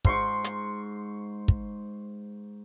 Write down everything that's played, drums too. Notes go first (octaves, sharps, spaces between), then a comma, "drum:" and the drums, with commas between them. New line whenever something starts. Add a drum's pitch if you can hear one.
G#2 C6 C#6, drum: kick
drum: hi-hat
drum: kick